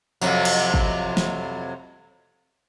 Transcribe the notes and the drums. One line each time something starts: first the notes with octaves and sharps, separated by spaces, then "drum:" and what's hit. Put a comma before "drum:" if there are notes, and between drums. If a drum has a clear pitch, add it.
F2 C3 F#3, drum: tambourine
drum: cymbal
drum: kick
drum: snare